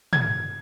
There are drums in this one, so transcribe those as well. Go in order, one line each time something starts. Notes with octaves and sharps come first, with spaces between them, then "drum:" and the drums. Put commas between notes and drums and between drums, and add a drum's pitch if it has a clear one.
G#6, drum: tom